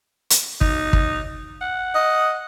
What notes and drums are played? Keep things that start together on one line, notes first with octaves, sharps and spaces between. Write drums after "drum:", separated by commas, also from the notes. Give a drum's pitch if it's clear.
drum: hi-hat
D#4, drum: kick
drum: kick
F#5
D#5